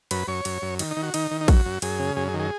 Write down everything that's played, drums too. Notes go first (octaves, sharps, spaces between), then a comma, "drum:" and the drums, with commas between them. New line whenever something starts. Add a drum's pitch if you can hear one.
F#2 B4, drum: cymbal
F#2 C#5
F#2, drum: cymbal
F#2
D#3, drum: cymbal
D#4
D#3
F#4
D#3 D#4, drum: cymbal
D#3
D#4
F#2 F#4, drum: kick, cymbal
F#2
F#2 G#4, drum: cymbal
C#3
F#2 G#4
G#4
D#3
G#4